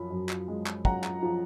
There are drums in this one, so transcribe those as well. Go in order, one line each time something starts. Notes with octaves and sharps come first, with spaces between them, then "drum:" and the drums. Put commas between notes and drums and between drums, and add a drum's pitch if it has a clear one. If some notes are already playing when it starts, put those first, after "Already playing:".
Already playing: F#2 F3 B5
F#2
drum: clap
G#3
drum: clap
F#2 F#5 A#5, drum: kick
drum: clap
F3